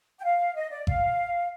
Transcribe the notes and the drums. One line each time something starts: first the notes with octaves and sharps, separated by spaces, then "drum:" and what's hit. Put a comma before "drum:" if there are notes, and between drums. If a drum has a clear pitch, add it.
G5
F5
D#5
D5
F5, drum: kick G#1